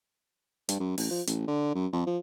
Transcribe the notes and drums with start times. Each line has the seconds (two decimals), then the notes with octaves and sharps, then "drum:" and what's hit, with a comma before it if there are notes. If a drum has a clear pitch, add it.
0.69 G2, drum: hi-hat
0.80 F#2
0.98 A1, drum: open hi-hat
1.10 F3
1.27 A1, drum: hi-hat
1.48 D3
1.75 F#2
1.93 F2
2.06 F3